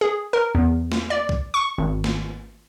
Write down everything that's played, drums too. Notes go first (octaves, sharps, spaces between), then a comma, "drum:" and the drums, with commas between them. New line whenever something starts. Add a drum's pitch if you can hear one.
G#4
A#4
E2
drum: snare
D5
drum: kick
C#6
G#1
drum: snare